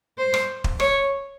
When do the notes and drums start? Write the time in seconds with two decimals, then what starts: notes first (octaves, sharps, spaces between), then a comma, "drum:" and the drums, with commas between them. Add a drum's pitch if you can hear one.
0.18 C5
0.34 drum: rim click
0.64 drum: kick
0.80 C#5, drum: rim click